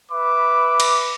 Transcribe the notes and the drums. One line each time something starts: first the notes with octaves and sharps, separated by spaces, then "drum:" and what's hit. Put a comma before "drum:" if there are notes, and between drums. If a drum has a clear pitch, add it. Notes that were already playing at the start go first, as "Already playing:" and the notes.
B4 E5 B5 D6
drum: cymbal